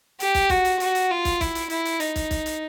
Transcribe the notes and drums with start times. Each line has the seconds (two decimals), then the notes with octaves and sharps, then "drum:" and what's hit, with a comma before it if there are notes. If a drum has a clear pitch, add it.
0.20 G4, drum: hi-hat
0.34 drum: kick, hi-hat
0.50 F#4, drum: kick, hi-hat
0.65 drum: hi-hat
0.80 F#4, drum: hi-hat
0.95 drum: hi-hat
1.11 F4
1.25 drum: kick, hi-hat
1.41 E4, drum: kick, hi-hat
1.55 drum: hi-hat
1.70 E4, drum: hi-hat
1.85 drum: hi-hat
2.00 D#4, drum: hi-hat
2.16 drum: kick, hi-hat
2.31 drum: kick, hi-hat
2.46 drum: hi-hat